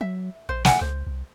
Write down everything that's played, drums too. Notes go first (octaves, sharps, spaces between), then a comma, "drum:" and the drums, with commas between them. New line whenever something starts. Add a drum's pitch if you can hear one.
F#3 E5
A#1 C5
E4 F#5 G#5, drum: snare
C#2 C5
C2